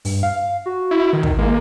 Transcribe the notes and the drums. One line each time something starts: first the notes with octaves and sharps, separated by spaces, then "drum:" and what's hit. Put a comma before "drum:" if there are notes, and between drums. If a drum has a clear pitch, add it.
G2, drum: open hi-hat
F5
F#4
E4
D#3
drum: kick
G#3 A#3